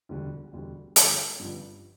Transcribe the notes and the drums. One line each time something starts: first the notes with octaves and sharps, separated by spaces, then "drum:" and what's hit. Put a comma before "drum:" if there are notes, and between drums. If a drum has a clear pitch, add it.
E1 D2 D3 G3
E1 D2 D3 G3
G1 G2 F3, drum: hi-hat
G1 G2 F3